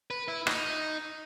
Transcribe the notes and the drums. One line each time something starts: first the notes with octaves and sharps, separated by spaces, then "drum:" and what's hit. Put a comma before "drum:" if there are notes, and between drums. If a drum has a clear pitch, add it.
B4
E4
D#4, drum: rim click